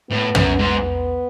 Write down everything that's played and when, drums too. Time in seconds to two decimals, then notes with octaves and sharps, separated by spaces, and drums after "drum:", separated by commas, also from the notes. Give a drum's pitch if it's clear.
0.10 A2 B3
0.35 F#2, drum: tom
0.59 G#2